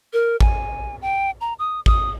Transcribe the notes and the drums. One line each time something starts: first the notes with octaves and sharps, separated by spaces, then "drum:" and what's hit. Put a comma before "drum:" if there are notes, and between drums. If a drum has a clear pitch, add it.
A#4
G#5, drum: kick A1
G5
A#5
D#6
D#6, drum: kick A1